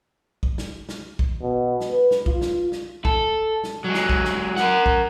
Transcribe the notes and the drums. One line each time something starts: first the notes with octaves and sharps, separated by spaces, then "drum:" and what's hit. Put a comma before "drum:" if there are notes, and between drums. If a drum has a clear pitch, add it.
drum: kick
drum: snare
drum: snare
drum: kick
B2
drum: snare
B4
drum: snare
F4, drum: kick
drum: snare
drum: snare
A4, drum: kick
drum: snare
F#3 G#3
drum: snare
drum: kick
drum: snare
A#4 F#5, drum: snare
drum: kick